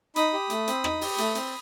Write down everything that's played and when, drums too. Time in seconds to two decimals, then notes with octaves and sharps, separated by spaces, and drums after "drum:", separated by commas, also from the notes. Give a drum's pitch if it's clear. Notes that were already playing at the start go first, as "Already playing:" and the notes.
0.16 D#4 B5 D#6, drum: hi-hat
0.33 G4
0.50 A3, drum: hi-hat
0.67 C4, drum: hi-hat
0.84 D#4, drum: rim click
1.01 G4, drum: open hi-hat
1.18 A3, drum: hi-hat
1.35 C4, drum: hi-hat